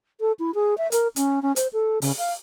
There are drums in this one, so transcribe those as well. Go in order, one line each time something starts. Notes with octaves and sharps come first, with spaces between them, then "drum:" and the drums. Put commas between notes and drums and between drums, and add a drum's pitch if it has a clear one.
A4
E4
G#4
E5
A#4, drum: hi-hat
C#4, drum: hi-hat
C#4
C5, drum: hi-hat
A4
C#3, drum: open hi-hat
F5